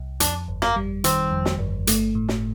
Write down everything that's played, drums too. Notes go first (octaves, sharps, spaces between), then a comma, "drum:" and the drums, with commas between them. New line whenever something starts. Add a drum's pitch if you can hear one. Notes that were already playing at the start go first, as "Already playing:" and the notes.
Already playing: C2
F2 D4, drum: hi-hat
G1
A#3, drum: snare
G3
D#3 C4, drum: hi-hat
F2
drum: snare
G1
A3, drum: hi-hat
A2
drum: snare